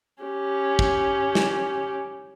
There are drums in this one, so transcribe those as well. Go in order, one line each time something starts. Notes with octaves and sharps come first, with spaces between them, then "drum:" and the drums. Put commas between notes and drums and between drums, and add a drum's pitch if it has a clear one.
C#4 G4
drum: kick
drum: snare